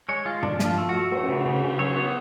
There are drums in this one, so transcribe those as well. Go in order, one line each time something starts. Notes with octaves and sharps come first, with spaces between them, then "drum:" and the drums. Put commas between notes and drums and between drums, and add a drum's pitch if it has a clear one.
G#3 C#5
G#3 F4
F3 D4, drum: tom
F3, drum: snare
F4
A3
F#4
A3
A3, drum: cymbal
C#3
C#3
C#3
F#3 C#5
B3